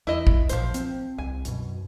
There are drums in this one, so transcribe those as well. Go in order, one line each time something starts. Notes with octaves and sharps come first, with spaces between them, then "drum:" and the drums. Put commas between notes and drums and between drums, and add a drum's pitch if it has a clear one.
E2 E4 D#5
drum: kick
A1 A#2 F3 C5, drum: hi-hat
C4, drum: hi-hat
C2 G#5
F#2 B2, drum: hi-hat